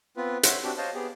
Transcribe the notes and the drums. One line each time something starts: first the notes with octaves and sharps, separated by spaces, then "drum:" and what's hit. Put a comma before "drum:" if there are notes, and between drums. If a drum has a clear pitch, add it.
B3 C4 F4 B4
C5 C#5 E5 F#5 C6, drum: hi-hat
C4 D4 F#4 G4
C5 C#5 D#5 F5 A5
B3 G4 G#4